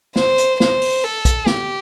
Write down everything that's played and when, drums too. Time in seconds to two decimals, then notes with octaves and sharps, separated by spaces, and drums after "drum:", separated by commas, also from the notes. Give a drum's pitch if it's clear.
0.16 C5, drum: snare
0.38 drum: hi-hat
0.60 C5, drum: snare
0.82 drum: open hi-hat
1.04 A4
1.25 drum: kick, hi-hat
1.46 G4, drum: snare